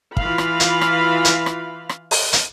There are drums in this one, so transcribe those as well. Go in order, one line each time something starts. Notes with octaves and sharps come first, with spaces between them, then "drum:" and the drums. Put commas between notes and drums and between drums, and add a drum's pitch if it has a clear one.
E3 F4 F5 B5, drum: kick
drum: rim click
drum: hi-hat
drum: rim click
drum: hi-hat
drum: rim click
drum: rim click
drum: open hi-hat
drum: hi-hat